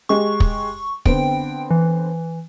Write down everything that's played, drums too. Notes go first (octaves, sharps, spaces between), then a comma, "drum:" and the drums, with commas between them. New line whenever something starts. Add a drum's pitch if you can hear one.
G#3 G4 C#6
drum: kick
D3 B3 C4 G5, drum: kick
E3